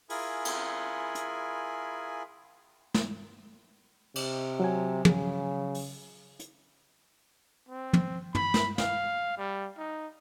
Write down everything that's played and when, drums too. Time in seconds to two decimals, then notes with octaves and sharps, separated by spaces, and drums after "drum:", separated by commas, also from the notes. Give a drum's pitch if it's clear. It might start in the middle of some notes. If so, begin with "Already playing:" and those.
0.10 E4 F4 G#4 A#4 G#5 B5, drum: open hi-hat
0.45 drum: cymbal
1.15 drum: hi-hat
2.94 drum: snare
4.16 C3, drum: cymbal
4.60 F#3 G#5
5.05 C#3, drum: tom
5.75 drum: open hi-hat
6.40 drum: hi-hat
7.69 C4
7.93 drum: tom
8.35 B5, drum: tom
8.54 drum: snare
8.78 F5, drum: snare
9.38 G3
9.77 D#4